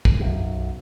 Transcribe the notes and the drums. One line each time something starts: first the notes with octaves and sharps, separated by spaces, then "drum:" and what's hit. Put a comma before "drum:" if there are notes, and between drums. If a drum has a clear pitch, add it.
drum: kick
B1 F#2